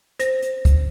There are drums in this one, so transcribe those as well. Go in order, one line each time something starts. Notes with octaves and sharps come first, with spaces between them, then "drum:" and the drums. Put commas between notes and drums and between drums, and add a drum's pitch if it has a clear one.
C5 A#6, drum: hi-hat
drum: hi-hat
drum: kick, hi-hat